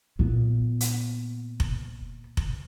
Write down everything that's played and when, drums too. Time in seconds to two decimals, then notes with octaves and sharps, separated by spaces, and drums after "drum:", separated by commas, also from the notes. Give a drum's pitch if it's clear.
0.19 A#2 B3
0.81 drum: hi-hat
1.60 drum: kick F1
2.37 drum: kick F1